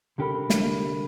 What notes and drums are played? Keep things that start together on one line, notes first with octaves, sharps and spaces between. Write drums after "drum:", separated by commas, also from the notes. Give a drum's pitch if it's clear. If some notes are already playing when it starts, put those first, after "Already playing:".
C2 D3 G4 A4 A#4 B5
drum: snare